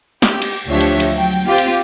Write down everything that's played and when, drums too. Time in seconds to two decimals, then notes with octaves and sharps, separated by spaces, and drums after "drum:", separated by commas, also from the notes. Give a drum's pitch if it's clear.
0.22 G4, drum: snare
0.42 drum: cymbal
0.67 D2 F3 D4 G4 C#5 E5
0.81 drum: cymbal
1.00 drum: cymbal
1.14 F#3 G5
1.46 C4 F4 G4
1.58 drum: cymbal